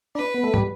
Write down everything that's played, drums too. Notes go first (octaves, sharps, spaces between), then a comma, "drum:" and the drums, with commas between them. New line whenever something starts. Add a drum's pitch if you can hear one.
D4 B4
B3
A3
G3, drum: tom